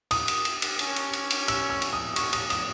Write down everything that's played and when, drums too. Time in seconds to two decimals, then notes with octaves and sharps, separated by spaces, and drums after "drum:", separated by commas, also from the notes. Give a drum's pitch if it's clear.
0.11 D#6, drum: cymbal
0.28 drum: cymbal
0.45 drum: cymbal
0.62 drum: cymbal
0.79 C#4, drum: cymbal
0.96 drum: cymbal
1.13 drum: cymbal
1.30 drum: cymbal
1.48 E6, drum: cymbal
1.70 E6
1.82 drum: cymbal
1.93 D#6
2.16 C#6, drum: cymbal
2.33 D#6, drum: cymbal
2.50 D#6, drum: cymbal